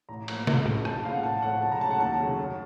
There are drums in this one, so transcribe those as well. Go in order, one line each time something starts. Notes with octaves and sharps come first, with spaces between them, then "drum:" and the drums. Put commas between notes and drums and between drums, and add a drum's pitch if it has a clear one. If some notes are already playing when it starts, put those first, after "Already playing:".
A1 A#5
A2 F3 A#3, drum: cymbal
F#2, drum: snare
C#3 A3, drum: tom
C#2 A5, drum: rim click
C#3 F3 A#3 F5
F#5
A1 A5
A2 F3 A3 F#5
C#2 A5
A#5
C#3 F#3 A3 A5
F#5
D#2 A5
C#3 F#3 A3
F#2